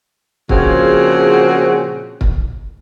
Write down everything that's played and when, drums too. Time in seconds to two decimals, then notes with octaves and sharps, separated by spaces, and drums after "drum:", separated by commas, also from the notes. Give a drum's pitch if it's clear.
0.49 A#2 C#3 F3 C4 F#4 G#4, drum: kick
2.21 drum: kick